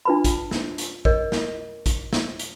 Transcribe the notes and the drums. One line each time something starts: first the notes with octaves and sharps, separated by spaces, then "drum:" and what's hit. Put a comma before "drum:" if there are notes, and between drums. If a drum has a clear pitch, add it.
D4 F4 B4 A5 B5
drum: kick A1, hi-hat
drum: snare
drum: hi-hat
A#4 C#5 D#5, drum: kick A1
drum: snare
drum: kick A1, hi-hat
drum: snare
drum: hi-hat